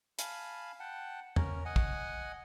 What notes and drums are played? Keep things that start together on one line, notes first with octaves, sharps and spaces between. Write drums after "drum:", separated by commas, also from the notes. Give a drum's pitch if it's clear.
F5 G#5 A5 B5, drum: hi-hat
F#5 G5 A5
C#4 A#4, drum: tom
D#5 F#5 G#5
drum: kick